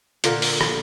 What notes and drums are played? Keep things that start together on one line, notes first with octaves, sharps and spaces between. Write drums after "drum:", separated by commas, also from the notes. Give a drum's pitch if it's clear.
A#2 D3 A#3 A#4, drum: hi-hat
drum: open hi-hat
drum: rim click